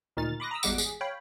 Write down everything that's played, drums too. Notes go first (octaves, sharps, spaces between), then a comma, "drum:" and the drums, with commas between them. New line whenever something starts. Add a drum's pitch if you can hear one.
D2 A#2 D#3 D#4 F6 A6
B5 C6 D6 D#6 F#6 A#6
A#5 B5 D#6 E6
G#1 E2 G3 G#3 F#5 D6, drum: tambourine
G#4, drum: tambourine
C#5 F5 G5 B5